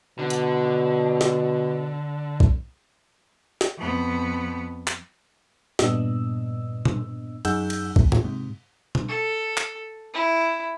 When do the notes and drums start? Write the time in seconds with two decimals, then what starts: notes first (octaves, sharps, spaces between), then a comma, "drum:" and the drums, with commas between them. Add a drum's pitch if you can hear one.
0.19 B2 D3
0.30 drum: hi-hat
1.21 drum: snare
2.40 drum: kick
3.61 drum: snare
3.78 F2 B3
4.87 drum: clap
5.79 G2 A#2 B3 D4 D#5 E6, drum: snare
6.85 drum: tom B2
7.45 F#2 D#4 G#4 F#5 E6 G6, drum: cymbal
7.70 drum: cymbal
7.96 D#2, drum: kick
8.12 drum: tom G#2
8.24 G#2 C3
8.95 drum: tom B2
9.08 A4
9.57 drum: clap
10.14 E4